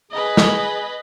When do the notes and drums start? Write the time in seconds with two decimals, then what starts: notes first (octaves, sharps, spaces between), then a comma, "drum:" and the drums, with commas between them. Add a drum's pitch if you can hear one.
0.11 G#4 B4 D#5
0.37 drum: snare